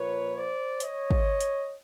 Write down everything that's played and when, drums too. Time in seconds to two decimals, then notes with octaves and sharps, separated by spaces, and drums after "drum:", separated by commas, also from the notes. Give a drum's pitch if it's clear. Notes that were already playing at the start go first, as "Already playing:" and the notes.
Already playing: A#2 F3 A#3 B4 C#5
0.36 C5 D5
0.80 C#5 D#5, drum: hi-hat
1.11 drum: kick
1.41 drum: hi-hat